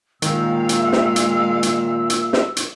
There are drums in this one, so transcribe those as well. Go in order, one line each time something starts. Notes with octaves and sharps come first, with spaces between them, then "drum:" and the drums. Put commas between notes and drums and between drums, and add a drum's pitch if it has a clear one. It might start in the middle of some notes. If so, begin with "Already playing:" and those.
A#2 D#3 G#3 F5 E6, drum: hi-hat
drum: hi-hat
drum: snare
drum: hi-hat
drum: hi-hat
drum: hi-hat
drum: snare
drum: hi-hat